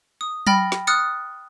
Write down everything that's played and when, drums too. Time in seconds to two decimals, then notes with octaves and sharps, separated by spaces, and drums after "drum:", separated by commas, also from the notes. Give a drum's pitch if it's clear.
0.21 D#6
0.47 G5 B5 F6 A6 A#6, drum: tom F#3
0.72 drum: snare
0.87 D#6 F6 F#6 A6 C#7